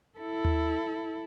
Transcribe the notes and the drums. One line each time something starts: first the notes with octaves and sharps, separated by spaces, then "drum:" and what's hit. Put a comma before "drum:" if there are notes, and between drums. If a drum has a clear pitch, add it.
E4 A4
drum: tom D#2